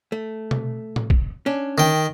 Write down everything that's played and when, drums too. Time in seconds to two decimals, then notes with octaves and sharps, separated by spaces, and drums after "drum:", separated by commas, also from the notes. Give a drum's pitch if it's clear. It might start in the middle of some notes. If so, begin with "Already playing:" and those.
0.12 A3
0.51 drum: tom B2
0.96 drum: tom A2
1.10 drum: kick
1.46 C#4 D4
1.78 D#3 G5